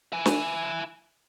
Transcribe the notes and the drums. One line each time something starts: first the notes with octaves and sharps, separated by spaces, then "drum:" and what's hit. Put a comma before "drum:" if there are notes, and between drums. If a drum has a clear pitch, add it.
E4 G#5
drum: snare